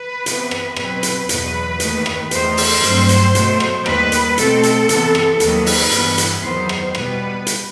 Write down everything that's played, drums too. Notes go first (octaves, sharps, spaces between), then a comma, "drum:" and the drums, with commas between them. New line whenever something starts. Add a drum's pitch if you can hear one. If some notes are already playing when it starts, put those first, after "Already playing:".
Already playing: B4
C3 E3 B3, drum: hi-hat
drum: rim click
B2 F#3 C4 B4, drum: rim click
drum: hi-hat
E2 B2 F#3 B4, drum: hi-hat
D#2 D#3 A3, drum: hi-hat
drum: rim click
E2 D#3 A3 C5, drum: hi-hat
drum: open hi-hat
G2 F#3 A3 C4, drum: hi-hat
drum: hi-hat
B2 F#3 A3, drum: hi-hat
drum: rim click
D#2 D#3 G3 B4, drum: rim click
drum: hi-hat
B2 A3 C4 A4, drum: hi-hat
drum: hi-hat
C3 E3 B3, drum: hi-hat
drum: rim click
D#2 D#3 F#3 B4, drum: hi-hat
drum: open hi-hat
G2 E3 B3, drum: hi-hat
drum: hi-hat
E2 D#3 F#3 B3 C5
drum: rim click
B2 G3 B3 B4, drum: rim click
drum: hi-hat